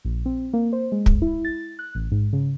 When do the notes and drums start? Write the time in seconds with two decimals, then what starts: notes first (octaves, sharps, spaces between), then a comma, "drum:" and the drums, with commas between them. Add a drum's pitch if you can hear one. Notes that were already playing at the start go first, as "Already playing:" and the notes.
0.05 A#1
0.26 C4
0.53 A#3
0.73 C5
0.92 G#3
1.06 drum: kick
1.22 E4
1.45 A6
1.79 F#6
1.95 A1
2.12 G#2
2.33 C#3